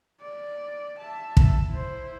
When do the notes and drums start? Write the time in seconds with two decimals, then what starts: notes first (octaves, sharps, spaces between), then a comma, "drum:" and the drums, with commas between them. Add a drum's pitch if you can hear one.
0.21 D5
0.99 E5 A5
1.37 drum: kick
1.69 E4 C5